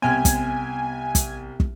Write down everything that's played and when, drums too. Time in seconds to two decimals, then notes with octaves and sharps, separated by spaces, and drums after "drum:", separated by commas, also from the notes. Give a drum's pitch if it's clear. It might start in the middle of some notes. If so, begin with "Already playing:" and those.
0.02 C2 B3 E5 G5 G#5 F6
0.25 drum: kick, hi-hat
1.15 drum: kick, hi-hat
1.60 drum: kick